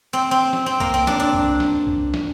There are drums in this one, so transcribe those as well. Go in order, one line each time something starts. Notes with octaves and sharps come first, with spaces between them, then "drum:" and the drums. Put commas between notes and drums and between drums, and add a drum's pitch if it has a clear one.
C4
C4
drum: snare
C4
A#3, drum: kick C2
C4
D4, drum: snare
D4
drum: kick C2
drum: snare
drum: kick C2
drum: snare